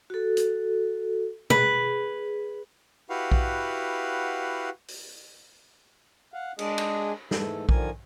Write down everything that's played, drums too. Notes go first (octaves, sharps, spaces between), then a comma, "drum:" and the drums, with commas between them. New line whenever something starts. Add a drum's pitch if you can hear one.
F#4 A4
drum: hi-hat
G#4 B4, drum: tom
E4 F#4 G4 B4 F5 F#5
drum: kick A#1
drum: open hi-hat
F5 F#5
G#3 D4 G#4 D#5, drum: cymbal
drum: cymbal
G#2 E3 A3 A4, drum: snare
D3 D#3 F3 A#4 G#5, drum: kick A#1